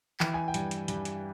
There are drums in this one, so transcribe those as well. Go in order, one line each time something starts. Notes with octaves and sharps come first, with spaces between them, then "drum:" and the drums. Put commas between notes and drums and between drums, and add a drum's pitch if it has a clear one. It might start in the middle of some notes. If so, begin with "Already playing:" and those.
E3 G5, drum: clap
G#5
G5
G2, drum: hi-hat
drum: hi-hat
G2, drum: hi-hat
drum: hi-hat